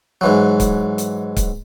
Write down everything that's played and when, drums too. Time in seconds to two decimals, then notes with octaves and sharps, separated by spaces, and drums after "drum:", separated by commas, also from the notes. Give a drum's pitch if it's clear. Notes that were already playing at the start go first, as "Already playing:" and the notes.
0.21 G#2 E3 F#3
0.60 drum: kick C#1, hi-hat
0.98 drum: hi-hat
1.37 drum: kick C#1, hi-hat